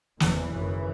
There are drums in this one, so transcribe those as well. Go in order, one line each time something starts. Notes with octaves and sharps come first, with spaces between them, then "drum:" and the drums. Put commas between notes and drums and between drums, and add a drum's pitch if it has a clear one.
F#1 E2 C3 E3, drum: snare
G#1 F#2 C#3